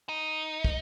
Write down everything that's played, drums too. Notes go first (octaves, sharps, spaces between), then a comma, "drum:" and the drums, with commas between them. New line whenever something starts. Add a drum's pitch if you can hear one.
D#4
drum: kick